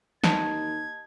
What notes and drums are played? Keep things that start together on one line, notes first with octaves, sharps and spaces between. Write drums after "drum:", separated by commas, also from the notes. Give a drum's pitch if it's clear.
D#2 D#5 A5 D#6 G#6, drum: snare